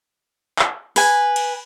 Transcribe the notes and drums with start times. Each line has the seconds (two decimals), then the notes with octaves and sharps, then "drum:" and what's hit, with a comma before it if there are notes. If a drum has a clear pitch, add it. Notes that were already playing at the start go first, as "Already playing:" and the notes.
0.59 drum: clap
0.96 B4 G#5, drum: open hi-hat
1.36 drum: cymbal